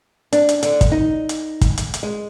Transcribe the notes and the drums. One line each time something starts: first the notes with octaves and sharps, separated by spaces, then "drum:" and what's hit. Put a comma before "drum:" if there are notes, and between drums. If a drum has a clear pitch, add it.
D4, drum: hi-hat
drum: hi-hat
D3, drum: hi-hat
drum: kick, hi-hat
D#4
drum: hi-hat
drum: kick, hi-hat
drum: hi-hat
drum: hi-hat
G#3